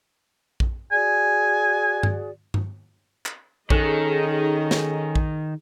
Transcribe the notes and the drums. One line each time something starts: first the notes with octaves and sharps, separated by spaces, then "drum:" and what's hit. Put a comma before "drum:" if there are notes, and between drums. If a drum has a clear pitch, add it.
drum: kick A#1
F#4 G#4 D5 G#5
drum: tom G2
drum: tom G2
drum: clap
D#3 C#4 D#4 G#4 A4 D#5 F#6, drum: kick A#1
drum: snare
drum: kick A#1